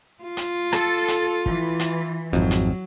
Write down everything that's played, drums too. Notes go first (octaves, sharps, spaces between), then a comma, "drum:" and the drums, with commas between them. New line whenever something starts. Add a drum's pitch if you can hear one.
F4
drum: hi-hat
A4, drum: rim click
drum: hi-hat
E3, drum: kick
drum: hi-hat
G#1 F2 F#3
drum: hi-hat